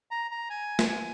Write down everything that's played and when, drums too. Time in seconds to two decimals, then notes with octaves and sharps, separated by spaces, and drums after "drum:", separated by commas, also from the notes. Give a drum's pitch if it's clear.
0.11 A#5
0.31 A#5
0.50 G#5
0.79 drum: snare
0.89 G#5